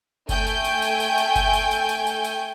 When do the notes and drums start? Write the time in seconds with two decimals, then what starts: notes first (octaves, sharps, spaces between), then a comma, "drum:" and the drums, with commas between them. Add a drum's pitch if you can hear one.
0.29 A3 G5 G#5 G6, drum: kick F#1, tambourine
0.47 drum: tambourine
0.64 drum: tambourine
0.82 drum: tambourine
1.00 drum: tambourine
1.18 drum: tambourine
1.36 drum: kick F#1, tambourine
1.53 drum: tambourine
1.71 drum: tambourine
1.89 drum: tambourine
2.07 drum: tambourine
2.24 drum: tambourine